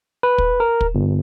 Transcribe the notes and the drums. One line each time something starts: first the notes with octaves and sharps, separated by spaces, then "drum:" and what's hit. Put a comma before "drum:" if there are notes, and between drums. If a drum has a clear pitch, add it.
B4
drum: kick
A#4
drum: kick
G1